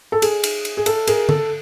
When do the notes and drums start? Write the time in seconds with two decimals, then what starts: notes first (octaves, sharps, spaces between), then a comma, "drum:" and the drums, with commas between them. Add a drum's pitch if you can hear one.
0.12 A4
0.22 G#4, drum: cymbal
0.44 drum: cymbal
0.65 drum: cymbal
0.77 G#4
0.86 A4, drum: cymbal
1.07 G#4 A#4, drum: cymbal
1.29 A4, drum: tom D3